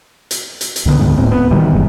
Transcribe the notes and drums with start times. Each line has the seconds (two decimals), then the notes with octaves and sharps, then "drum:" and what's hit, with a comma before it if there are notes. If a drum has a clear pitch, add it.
0.31 drum: hi-hat
0.61 drum: hi-hat
0.76 drum: hi-hat
0.85 C#2 D3 E3 B3
1.00 G#2 D3 G#3 B3
1.18 D1 B1 A2 C4
1.31 B3
1.51 B2 D#3 E3 G3
1.72 F1 F#2 G#3